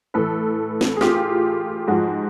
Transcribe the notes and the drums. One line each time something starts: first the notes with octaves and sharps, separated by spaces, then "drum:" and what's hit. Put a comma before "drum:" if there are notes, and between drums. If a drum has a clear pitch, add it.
A2 E3 A4 B4
drum: snare
G#4
F4 G4, drum: snare
G#2 F3 F#4 G#4